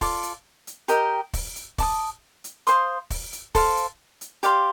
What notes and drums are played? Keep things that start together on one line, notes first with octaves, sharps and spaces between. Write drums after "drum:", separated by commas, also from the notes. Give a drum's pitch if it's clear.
F4 A4 D5, drum: kick, open hi-hat
drum: hi-hat
drum: hi-hat
G4 A#4 D#5 G5, drum: hi-hat
drum: kick, open hi-hat
drum: hi-hat
D5 A5 D#6, drum: kick, open hi-hat
drum: hi-hat
C5 F5 C6 D#6, drum: hi-hat
drum: kick, open hi-hat
drum: hi-hat
A4 C5 F5, drum: kick, open hi-hat
drum: hi-hat
drum: hi-hat
G4 D5 F5 C6, drum: hi-hat